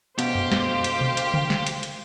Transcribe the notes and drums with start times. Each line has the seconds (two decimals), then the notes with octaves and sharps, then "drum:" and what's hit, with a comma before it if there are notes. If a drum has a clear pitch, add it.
0.19 D2 B2 A#3 G4 C5 F5, drum: hi-hat
0.35 drum: tom F2
0.51 drum: snare
0.84 drum: hi-hat
1.01 drum: tom B2
1.17 drum: hi-hat
1.34 drum: tom C#3
1.50 drum: snare
1.67 drum: hi-hat
1.83 drum: hi-hat